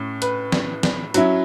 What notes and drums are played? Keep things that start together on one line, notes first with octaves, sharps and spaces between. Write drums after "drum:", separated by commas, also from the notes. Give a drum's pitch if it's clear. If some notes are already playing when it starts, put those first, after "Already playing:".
Already playing: A2 C#4
B4, drum: hi-hat
drum: snare
drum: snare
F#3 C#4 E4, drum: hi-hat